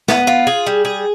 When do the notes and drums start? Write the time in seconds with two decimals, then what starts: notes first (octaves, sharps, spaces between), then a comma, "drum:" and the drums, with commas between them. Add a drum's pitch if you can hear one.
0.08 B3, drum: snare
0.27 F4
0.47 G#4
0.66 G3
0.85 G#4